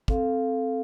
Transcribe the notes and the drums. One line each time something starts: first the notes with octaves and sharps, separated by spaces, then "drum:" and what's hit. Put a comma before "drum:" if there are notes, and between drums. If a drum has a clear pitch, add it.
C4 A4 F5, drum: kick